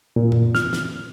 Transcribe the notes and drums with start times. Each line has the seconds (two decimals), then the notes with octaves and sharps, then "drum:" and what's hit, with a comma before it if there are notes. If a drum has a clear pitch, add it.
0.16 A#2
0.32 drum: tom
0.55 F6, drum: snare
0.73 drum: snare